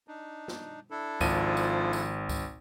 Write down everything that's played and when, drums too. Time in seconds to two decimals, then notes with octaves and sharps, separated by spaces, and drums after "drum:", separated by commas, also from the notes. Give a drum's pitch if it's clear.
0.08 D4 D#4
0.48 drum: snare
0.90 D4 E4 A4
1.21 G#1 F3 D#7, drum: kick C#2, tambourine
1.57 drum: tambourine
1.93 drum: tambourine
2.29 drum: kick C#2, tambourine